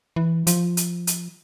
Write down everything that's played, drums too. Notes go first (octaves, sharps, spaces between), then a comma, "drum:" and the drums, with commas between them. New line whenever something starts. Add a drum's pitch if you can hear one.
E3
F3, drum: hi-hat
drum: hi-hat
drum: hi-hat